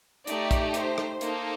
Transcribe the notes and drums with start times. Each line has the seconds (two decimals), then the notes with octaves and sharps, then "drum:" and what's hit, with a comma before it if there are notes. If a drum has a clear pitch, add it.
0.27 A3 D#4 G4 D5, drum: hi-hat
0.51 drum: kick A#1, hi-hat
0.74 C5, drum: hi-hat
0.98 drum: rim click
1.21 A#3 D#4 A4 C5, drum: hi-hat